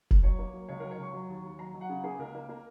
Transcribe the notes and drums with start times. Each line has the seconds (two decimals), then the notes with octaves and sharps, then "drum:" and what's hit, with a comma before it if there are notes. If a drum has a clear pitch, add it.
0.11 drum: kick F1
0.23 F#3 C#5
0.39 A#3
0.53 F#3
0.68 C#2 C#5
0.80 F#3 A#4
0.91 C#5
0.98 C#2 C#6
1.13 F#3
1.29 D#2
1.43 D#2
1.59 F#3 A#5
1.74 F#3
1.81 F#5
1.89 C#3
2.03 A#3 G#4
2.19 C#2 A#4
2.35 A#3
2.49 A#3 A#4